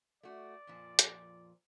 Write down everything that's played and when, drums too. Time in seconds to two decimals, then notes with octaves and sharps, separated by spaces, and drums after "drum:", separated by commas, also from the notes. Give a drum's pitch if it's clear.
0.23 A3 F#4 D5
0.67 F2 A#2 F3
0.99 drum: hi-hat